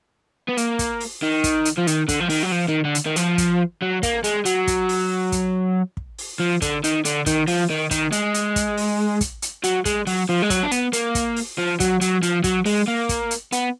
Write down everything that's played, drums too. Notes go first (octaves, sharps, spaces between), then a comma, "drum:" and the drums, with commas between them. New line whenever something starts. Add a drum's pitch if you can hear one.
B3
A#3, drum: hi-hat
drum: kick, hi-hat
drum: open hi-hat
D#3
drum: kick, hi-hat
drum: hi-hat
F3
D#3, drum: hi-hat
D3, drum: kick, hi-hat
F3
D#3, drum: open hi-hat
F#3
F3
D#3
D3
drum: hi-hat
D#3
F3, drum: hi-hat
drum: kick, hi-hat
F#3
A#3, drum: kick, hi-hat
G#3, drum: hi-hat
F#3, drum: hi-hat
drum: kick, hi-hat
drum: open hi-hat
drum: kick, hi-hat
drum: kick
drum: open hi-hat
F3
D3, drum: kick, hi-hat
D#3, drum: hi-hat
D3, drum: hi-hat
D#3, drum: kick, hi-hat
F3, drum: open hi-hat
D#3
D#3, drum: kick, hi-hat
G#3, drum: hi-hat
drum: hi-hat
drum: kick, hi-hat
drum: open hi-hat
drum: kick, hi-hat
drum: hi-hat
F#3, drum: hi-hat
G#3, drum: kick, hi-hat
F#3, drum: open hi-hat
F3
G#3
F#3, drum: kick, hi-hat
D4
B3, drum: hi-hat
A#3, drum: hi-hat
drum: kick, hi-hat
drum: open hi-hat
F3
F#3, drum: kick, hi-hat
F#3, drum: hi-hat
F3, drum: hi-hat
F#3, drum: kick, hi-hat
G#3, drum: open hi-hat
A#3
drum: kick, hi-hat
drum: hi-hat
B3, drum: hi-hat